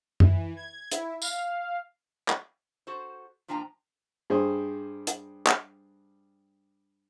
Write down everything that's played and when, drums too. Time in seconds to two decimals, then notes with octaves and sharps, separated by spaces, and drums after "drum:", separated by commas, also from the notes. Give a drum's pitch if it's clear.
0.20 E3, drum: tom F#2
0.56 G#6
0.92 E4, drum: hi-hat
1.22 F5, drum: tambourine
2.29 drum: clap
2.87 F#4 A4 C5
3.48 A#2 F3 D4 G5 G#5 A#5
4.30 G2 G#4 C5
5.07 drum: hi-hat
5.47 drum: clap